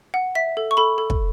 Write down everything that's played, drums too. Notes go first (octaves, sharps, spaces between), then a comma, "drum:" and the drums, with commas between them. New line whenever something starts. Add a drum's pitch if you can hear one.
F#5
E5 B6
A4
C#6
A4 B5
A4
drum: kick